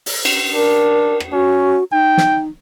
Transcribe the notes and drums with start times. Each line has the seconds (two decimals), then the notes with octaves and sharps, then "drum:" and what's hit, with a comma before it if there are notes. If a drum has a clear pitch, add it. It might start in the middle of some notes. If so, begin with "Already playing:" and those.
0.06 drum: open hi-hat
0.25 drum: cymbal
0.54 D4 A#4
1.20 drum: rim click
1.33 C#4 F#4
1.92 D#4 G5
2.17 drum: snare